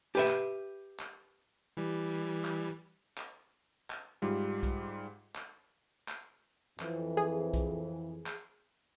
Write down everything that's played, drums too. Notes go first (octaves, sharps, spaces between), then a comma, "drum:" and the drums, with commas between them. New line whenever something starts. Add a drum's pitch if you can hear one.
G4 B4 E5
drum: clap
drum: clap
E3 G3
drum: clap
drum: clap
drum: clap
G#2 G3 F4
drum: kick, hi-hat
drum: clap
drum: clap
F2 E3, drum: clap
G#4
drum: kick, hi-hat
drum: clap